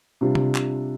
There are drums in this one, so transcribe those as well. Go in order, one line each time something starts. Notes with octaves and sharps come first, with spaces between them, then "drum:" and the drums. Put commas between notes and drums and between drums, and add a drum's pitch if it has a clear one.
C3 G3 D4 F4
drum: tom C3
drum: clap